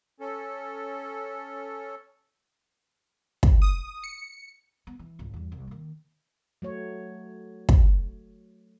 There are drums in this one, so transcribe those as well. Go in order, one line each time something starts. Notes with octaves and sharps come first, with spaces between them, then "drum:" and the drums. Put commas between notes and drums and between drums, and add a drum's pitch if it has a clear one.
C#4 A4
drum: kick
D#6
C#7
B3
E3
G#1 C#2
E2 G2
C2
D#3 A#3
F#3 A3 C#5
drum: kick